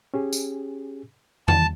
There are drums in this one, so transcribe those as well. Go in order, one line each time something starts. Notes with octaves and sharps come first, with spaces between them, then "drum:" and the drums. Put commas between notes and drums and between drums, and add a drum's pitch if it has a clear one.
C#4 G4 G#4
drum: tambourine
D#3 E3 A5, drum: tom E2